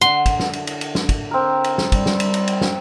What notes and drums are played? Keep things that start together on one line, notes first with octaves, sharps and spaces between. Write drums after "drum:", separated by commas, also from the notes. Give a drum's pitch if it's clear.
D3 F#5 C6
drum: kick, cymbal
drum: snare
drum: cymbal
drum: cymbal
drum: cymbal
drum: snare
drum: kick, cymbal
C4 A#4
drum: cymbal
drum: snare
G3, drum: kick, cymbal
drum: snare
drum: cymbal
drum: cymbal
drum: cymbal
drum: snare